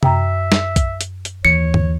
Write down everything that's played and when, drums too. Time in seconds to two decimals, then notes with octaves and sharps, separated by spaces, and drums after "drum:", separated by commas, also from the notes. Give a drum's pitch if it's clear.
0.03 F#2 E5 G5 A#5, drum: tom C3
0.52 drum: snare
0.76 drum: kick, hi-hat
1.01 drum: hi-hat
1.25 drum: hi-hat
1.45 D#2 E3 C#5 C#7
1.74 drum: tom